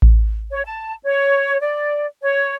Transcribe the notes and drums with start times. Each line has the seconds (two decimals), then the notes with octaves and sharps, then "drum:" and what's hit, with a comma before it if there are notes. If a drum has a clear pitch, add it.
0.02 drum: kick A1
0.51 C#5
0.64 A5
1.04 C#5
1.60 D5
2.22 C#5